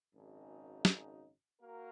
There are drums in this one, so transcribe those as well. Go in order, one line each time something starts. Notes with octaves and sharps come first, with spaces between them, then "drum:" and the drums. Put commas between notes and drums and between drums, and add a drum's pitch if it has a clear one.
G#1 F#2 C#3 F#3 D#4
drum: snare
A#3 F#4 A#4